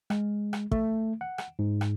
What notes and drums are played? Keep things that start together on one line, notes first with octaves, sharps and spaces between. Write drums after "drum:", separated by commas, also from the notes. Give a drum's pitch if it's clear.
G#3, drum: rim click
drum: rim click
A3, drum: kick
F#5
drum: rim click
G#2
drum: rim click